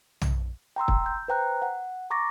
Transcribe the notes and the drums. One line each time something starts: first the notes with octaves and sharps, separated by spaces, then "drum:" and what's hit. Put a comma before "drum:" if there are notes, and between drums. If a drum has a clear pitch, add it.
drum: tom
G5 A#5 C6 E6
drum: kick
G6
B4 C5 G5 A#5 F#6
F#5
A#5 C#6 D6 A6 A#6